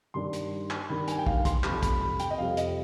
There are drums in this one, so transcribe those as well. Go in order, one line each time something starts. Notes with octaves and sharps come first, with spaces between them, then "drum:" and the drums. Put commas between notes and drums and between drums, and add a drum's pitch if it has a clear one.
G2 D#3 G3 D4 C6
drum: hi-hat
drum: clap
G2 D#3 G3 D4 B5
G#5, drum: hi-hat
G5
F5, drum: kick
C6, drum: kick, hi-hat
F2 C3 G3 B5, drum: clap
B5, drum: kick, hi-hat
B5
G5, drum: hi-hat
D#5
F2 C3 G3 F5
D#5, drum: hi-hat